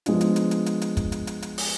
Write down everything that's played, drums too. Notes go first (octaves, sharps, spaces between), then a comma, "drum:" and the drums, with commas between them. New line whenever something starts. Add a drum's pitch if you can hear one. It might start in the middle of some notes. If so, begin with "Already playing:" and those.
F3 G#3 B3 D4 F4, drum: hi-hat
drum: hi-hat
drum: hi-hat
drum: hi-hat
drum: hi-hat
drum: hi-hat
drum: kick, hi-hat
drum: hi-hat
drum: hi-hat
drum: hi-hat
drum: open hi-hat